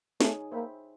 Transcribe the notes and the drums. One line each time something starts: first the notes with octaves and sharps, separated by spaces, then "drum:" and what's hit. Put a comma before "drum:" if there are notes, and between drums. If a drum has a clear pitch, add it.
A3 D#4 G#4 C#5, drum: snare
A#3 C5 E5 G5 B5